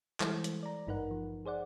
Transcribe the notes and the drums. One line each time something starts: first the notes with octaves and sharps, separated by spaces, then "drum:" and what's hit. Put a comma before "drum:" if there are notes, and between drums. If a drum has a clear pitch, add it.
E3 G3 G#3 E4 A4 C5, drum: clap
drum: hi-hat
D5 A#5
G#1 G2 D#4 A#4 B4 F#5
F3
G#4 C5 D5 F#5